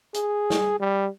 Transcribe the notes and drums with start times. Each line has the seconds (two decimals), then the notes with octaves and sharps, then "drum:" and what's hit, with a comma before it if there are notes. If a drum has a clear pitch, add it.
0.14 G#4, drum: hi-hat
0.50 drum: snare
0.80 G3